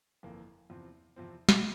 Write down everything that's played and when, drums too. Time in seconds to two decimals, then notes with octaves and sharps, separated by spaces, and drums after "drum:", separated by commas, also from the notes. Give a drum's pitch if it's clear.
0.23 G1 F2 E3 A#3
0.70 E2 C3 F3 C4
1.16 E2 C3 F3 C4
1.49 drum: snare